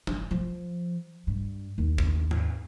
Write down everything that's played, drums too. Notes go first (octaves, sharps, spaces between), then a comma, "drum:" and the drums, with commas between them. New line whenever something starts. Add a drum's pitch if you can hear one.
G1, drum: tom
F3
G2
D#2
drum: kick
drum: tom G#2